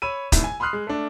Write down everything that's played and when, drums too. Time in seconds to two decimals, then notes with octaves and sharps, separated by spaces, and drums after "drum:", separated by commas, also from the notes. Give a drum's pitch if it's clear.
0.02 C#5 B5 E6 D#7
0.32 C2 A2 D#3, drum: kick, hi-hat
0.44 G#5
0.60 B5 C6 D#6 F6 F#6 C7
0.73 G#3
0.87 A3 D4